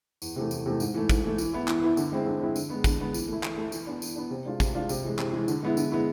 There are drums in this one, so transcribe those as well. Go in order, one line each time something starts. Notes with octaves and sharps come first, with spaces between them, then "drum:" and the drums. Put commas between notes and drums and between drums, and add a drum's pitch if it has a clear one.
E2, drum: tambourine
C3 E3 A3
E2, drum: tambourine
C3 E3 A3
G#2, drum: tambourine
E3 A3
G#2, drum: kick, tambourine
E3 A3
E3, drum: tambourine
B3 E4
E3, drum: clap
B3 E4
D3, drum: tambourine
G#3 C4 E4
D3
G#3 C4 E4
D3, drum: tambourine
G#3 B3
D3, drum: kick, tambourine
G#3 B3
E3, drum: tambourine
A3 E4
E3, drum: clap
A3 E4
E3, drum: tambourine
B3 D4
E3, drum: tambourine
B3 D4
C3
G#3 D4 F4
C3, drum: kick, tambourine
G#3 D4 F4
C3, drum: tambourine
E3 G#3
C3, drum: clap
E3 G#3
D3, drum: tambourine
G#3 B3 E4
D3, drum: tambourine
G#3 B3 E4